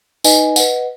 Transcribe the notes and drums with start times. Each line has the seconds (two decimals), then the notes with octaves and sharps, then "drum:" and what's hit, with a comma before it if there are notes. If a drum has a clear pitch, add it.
0.24 D#4 B4 D#5 G#5, drum: tambourine
0.56 B4 D#5 F#5, drum: tambourine